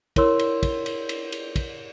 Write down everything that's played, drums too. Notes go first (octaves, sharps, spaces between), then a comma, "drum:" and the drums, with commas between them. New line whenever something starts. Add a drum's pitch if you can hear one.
E4 A#4 C#5 C6 E6, drum: kick, cymbal
drum: cymbal
drum: kick, cymbal
drum: cymbal
drum: cymbal
drum: cymbal
drum: kick, cymbal